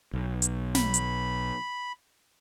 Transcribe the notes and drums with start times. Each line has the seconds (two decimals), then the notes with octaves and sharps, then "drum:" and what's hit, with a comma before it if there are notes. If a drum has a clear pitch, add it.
0.13 B1
0.42 drum: hi-hat
0.75 B5, drum: snare
0.94 drum: hi-hat